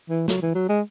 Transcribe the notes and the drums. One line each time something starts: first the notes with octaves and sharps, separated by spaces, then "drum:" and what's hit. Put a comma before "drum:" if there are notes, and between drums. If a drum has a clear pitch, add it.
E3
F#3, drum: snare
E3
F#3
G#3